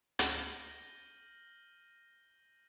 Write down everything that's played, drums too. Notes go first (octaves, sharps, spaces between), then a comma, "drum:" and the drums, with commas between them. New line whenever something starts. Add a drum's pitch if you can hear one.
F6 G6 A#6 D#7 F#7 G7, drum: hi-hat